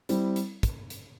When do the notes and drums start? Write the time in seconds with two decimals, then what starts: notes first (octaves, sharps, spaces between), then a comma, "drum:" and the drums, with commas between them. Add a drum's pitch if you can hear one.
0.09 G3 C4 E4, drum: hi-hat
0.36 drum: hi-hat
0.63 drum: kick, hi-hat
0.90 drum: hi-hat